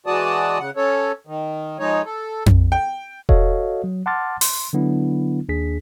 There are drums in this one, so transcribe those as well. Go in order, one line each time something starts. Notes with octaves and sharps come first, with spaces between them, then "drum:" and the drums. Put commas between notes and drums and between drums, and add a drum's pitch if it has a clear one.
E3 G#3 F#4 D5 A5 D#6
C#3 F#5
C#4 A4 C#5
D#3
F3 G#3 D#4 C#5
A4
drum: tom F2
G5
F#4 A4 C#5 D#5 F5, drum: kick E1
F#3
F#5 A5 C6 D6 F6 A6
C6, drum: open hi-hat
D3 F#3 B3 D4 E4
D#2 D4 G#4 B6